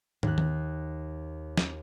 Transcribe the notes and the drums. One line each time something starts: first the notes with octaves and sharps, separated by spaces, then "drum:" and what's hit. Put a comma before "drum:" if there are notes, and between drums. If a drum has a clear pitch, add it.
D#2 F#6, drum: tom
drum: tom D#3
drum: snare